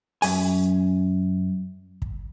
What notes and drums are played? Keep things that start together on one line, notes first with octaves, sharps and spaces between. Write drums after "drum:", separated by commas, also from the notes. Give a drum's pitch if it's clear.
F#2 G#5, drum: open hi-hat
drum: kick